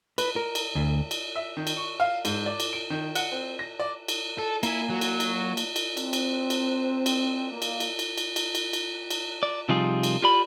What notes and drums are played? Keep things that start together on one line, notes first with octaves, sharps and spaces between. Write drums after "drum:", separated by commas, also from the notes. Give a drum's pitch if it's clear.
B4, drum: cymbal
A#4
drum: cymbal
D2
drum: cymbal
E5
D#3
drum: cymbal
C#6
F5
G#2, drum: cymbal
D5
drum: cymbal
D7
D#3
F#5, drum: cymbal
C4
A#6
D5
drum: cymbal
A4
A#3 E4 G#5, drum: cymbal
F#3
drum: cymbal
drum: cymbal
drum: cymbal
drum: cymbal
C4, drum: cymbal
drum: cymbal
drum: cymbal
drum: cymbal
A#3
drum: cymbal
drum: cymbal
drum: cymbal
drum: cymbal
drum: cymbal
drum: cymbal
drum: cymbal
drum: cymbal
D5
C3 F3 G3 D#4 F4 G#4
drum: cymbal
F4 G4 D5 B5